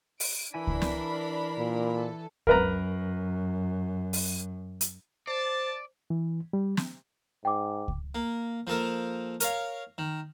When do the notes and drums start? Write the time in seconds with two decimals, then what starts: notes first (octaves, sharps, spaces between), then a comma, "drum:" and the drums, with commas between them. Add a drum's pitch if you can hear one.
0.20 D7, drum: open hi-hat
0.54 E3 D4 E4 A#4 G#5 B5
0.67 drum: kick C#2
0.82 drum: snare
1.58 A#2
1.96 A4
2.47 F#2 A#4 B4 A#5, drum: kick C#2
4.13 drum: open hi-hat
4.81 drum: hi-hat
5.27 C5 D5 A5
6.10 E3
6.53 G3
6.77 drum: snare
7.45 G#2 G5 D6
7.88 drum: kick C#2
8.15 A#3
8.67 F3 A#3 A4 A#4
9.40 A#4 C#5 F5, drum: hi-hat
9.98 D#3